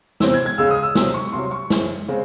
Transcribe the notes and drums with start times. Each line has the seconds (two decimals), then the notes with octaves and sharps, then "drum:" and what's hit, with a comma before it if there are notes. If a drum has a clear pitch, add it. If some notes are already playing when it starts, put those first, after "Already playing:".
0.20 E2 C3 E3 C4 E6, drum: snare
0.34 G#6
0.46 G#6
0.58 C#2 C#3 G#3 E6
0.71 D#6
0.83 E6
0.95 E2 C3 F#3 C4 E6, drum: snare
1.14 C#6
1.33 C2 C3 F#3 C6
1.51 C#6
1.70 F#2 E3 G#3 C4, drum: snare
2.08 C#3 G#3 C4